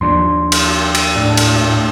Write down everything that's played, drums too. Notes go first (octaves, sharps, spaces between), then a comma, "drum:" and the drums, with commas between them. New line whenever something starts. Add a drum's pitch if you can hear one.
D#2 F3 D4 C6
drum: cymbal
drum: cymbal
A2 D4
drum: cymbal